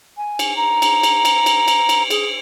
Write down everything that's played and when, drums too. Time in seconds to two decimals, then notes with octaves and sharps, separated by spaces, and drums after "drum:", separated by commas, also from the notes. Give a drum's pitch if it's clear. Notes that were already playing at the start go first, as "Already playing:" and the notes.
0.17 G#5
0.39 drum: cymbal
0.57 A#5
0.82 drum: cymbal
1.03 drum: cymbal
1.25 drum: cymbal
1.46 drum: cymbal
1.68 drum: cymbal
1.89 drum: cymbal
2.10 G#4, drum: cymbal